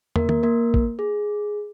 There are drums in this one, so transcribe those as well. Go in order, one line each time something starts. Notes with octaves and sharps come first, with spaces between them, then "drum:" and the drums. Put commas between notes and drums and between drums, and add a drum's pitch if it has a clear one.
A#3 A#4, drum: tom
A#3 A#4, drum: tom
A#3 A#4
drum: kick
G#4